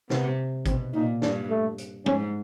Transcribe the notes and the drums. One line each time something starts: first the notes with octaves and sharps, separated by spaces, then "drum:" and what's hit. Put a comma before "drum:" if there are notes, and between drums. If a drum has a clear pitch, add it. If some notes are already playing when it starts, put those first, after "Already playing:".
C3 B3, drum: snare
B2 C4, drum: kick, hi-hat
A#2 D#4
G2 D4, drum: snare
A3
drum: hi-hat
G#2 C#4, drum: tom